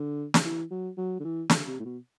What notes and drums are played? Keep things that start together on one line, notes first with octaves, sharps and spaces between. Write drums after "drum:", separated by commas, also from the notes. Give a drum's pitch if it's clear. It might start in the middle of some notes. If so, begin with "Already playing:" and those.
Already playing: D3
drum: snare
E3
F#3
F#3
D3
E3
D3, drum: snare
C3
A2
B2